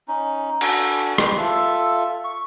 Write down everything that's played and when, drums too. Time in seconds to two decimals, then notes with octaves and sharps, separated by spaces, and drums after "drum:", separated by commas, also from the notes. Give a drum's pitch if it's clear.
0.08 C#4 D#4
0.61 D4 F#4 A4 G#5, drum: cymbal
1.18 C4 G4 B4 C5, drum: rim click
1.38 F4 A4 E5
2.24 C#6